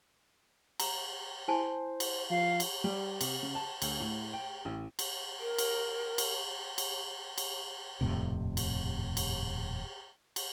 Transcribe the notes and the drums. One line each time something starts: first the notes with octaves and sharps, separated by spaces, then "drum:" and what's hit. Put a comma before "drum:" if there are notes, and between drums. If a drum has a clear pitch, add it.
A#5, drum: cymbal
E4 C5 G#5 A5
drum: cymbal
F3 F5
drum: cymbal
G3
C3, drum: cymbal
C#3
A5
D2, drum: cymbal
A2
G5
A1
drum: cymbal
A#4
drum: cymbal
drum: cymbal
drum: cymbal
drum: cymbal
D#1 F2 A2 C3
drum: cymbal
drum: cymbal
drum: cymbal